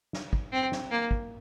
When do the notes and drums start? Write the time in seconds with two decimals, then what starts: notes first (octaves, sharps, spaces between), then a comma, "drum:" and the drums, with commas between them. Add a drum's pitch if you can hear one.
0.13 drum: snare
0.33 drum: kick
0.52 C4
0.72 drum: snare
0.91 A#3
1.11 drum: kick